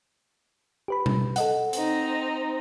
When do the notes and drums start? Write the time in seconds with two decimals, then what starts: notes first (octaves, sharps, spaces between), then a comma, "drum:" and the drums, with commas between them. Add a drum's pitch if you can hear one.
0.88 G4 B4 B5
1.06 drum: tom
1.36 A4 D#5 F#5, drum: hi-hat
1.73 C4 D#4, drum: hi-hat